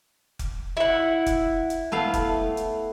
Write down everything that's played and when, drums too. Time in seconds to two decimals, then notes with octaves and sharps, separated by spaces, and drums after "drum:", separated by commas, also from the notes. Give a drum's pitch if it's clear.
0.39 drum: kick F1, hi-hat
0.77 E4 F#5
1.26 drum: kick F1, hi-hat
1.70 drum: hi-hat
1.92 A3 B3 F5
2.14 drum: kick F1, hi-hat
2.57 drum: hi-hat